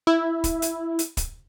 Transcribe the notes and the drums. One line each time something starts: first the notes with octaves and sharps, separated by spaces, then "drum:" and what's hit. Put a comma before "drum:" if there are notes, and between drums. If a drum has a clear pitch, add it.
E4
drum: kick, hi-hat
drum: hi-hat
drum: hi-hat
drum: kick, hi-hat